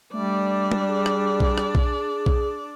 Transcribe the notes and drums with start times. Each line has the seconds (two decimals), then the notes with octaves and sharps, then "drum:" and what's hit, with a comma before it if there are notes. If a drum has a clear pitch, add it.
0.14 G3 A3 D4 D5
0.72 drum: tom
0.89 G#4
1.06 drum: rim click
1.40 drum: kick B1
1.58 drum: rim click
1.75 drum: kick B1
2.26 drum: kick B1